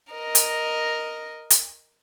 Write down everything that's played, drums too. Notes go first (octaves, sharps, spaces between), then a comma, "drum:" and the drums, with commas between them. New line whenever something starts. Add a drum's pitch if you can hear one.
A#4 D#5
drum: hi-hat
drum: hi-hat